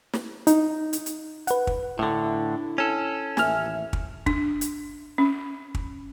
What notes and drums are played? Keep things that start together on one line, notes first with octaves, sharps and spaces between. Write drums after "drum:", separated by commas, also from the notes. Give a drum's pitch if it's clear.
drum: snare
D#4, drum: hi-hat
drum: hi-hat
drum: hi-hat
B4 F#5, drum: hi-hat
drum: kick
A2 D3 D4 E4
C#4 A4
A1 D#2 E5 G#5 F6, drum: snare
drum: kick
D4, drum: kick
drum: hi-hat
C#4
drum: kick